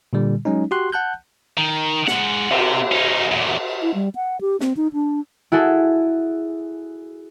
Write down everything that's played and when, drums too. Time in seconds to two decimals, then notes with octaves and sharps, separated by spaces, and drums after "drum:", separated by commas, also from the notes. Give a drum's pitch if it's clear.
0.13 A#2 D3 G3
0.45 F#3 G#3 C#4 D#4
0.71 F#4 G4 C6 F#6
0.92 F#5 A5 F#6 G6
1.58 D#3
2.07 G#3 F#5, drum: snare
2.51 C3, drum: cymbal
2.92 C#4 D#4
3.31 E2 A#2
3.82 E4
3.94 G3
4.15 F#5
4.41 G4
4.60 C4, drum: snare
4.77 D#4
4.93 D4
5.52 E4 F#4 G#4 A4